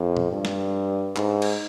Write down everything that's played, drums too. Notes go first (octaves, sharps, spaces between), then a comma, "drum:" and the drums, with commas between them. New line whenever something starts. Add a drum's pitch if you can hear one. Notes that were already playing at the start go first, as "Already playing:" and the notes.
Already playing: F2
drum: tom
G2
drum: snare
G#2, drum: clap
drum: cymbal